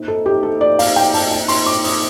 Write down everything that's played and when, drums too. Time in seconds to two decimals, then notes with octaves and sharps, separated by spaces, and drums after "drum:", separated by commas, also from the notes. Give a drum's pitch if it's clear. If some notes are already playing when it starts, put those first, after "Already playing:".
Already playing: A#2 A3 C4 D#4
0.08 A4
0.26 G4
0.43 A4
0.61 D5
0.79 F5, drum: open hi-hat
0.96 G5
1.14 A5, drum: open hi-hat
1.31 G5
1.48 C6, drum: open hi-hat
1.66 D6
1.84 D#6, drum: open hi-hat